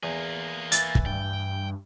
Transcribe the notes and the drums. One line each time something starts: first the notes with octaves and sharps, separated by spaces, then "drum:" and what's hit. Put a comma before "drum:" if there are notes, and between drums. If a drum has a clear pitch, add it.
E2 A#3 G#4
E3 A6, drum: hi-hat
drum: kick
G2 G5